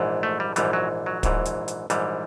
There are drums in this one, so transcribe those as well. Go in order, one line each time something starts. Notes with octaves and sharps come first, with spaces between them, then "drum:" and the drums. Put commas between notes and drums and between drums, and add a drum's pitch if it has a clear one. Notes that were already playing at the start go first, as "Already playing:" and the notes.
Already playing: A#1 G#2 E3
A3
G3
A#1 G#2 E3 G3, drum: hi-hat
F#3
F#3
A#1 G#2 E3, drum: kick, hi-hat
drum: hi-hat
drum: hi-hat
A#1 G#2 E3 G3, drum: hi-hat